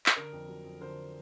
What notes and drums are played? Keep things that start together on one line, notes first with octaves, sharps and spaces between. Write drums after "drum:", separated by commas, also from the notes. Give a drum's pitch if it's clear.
drum: clap
D3 A#4
F2
F#3
F2
D3 A#4 C5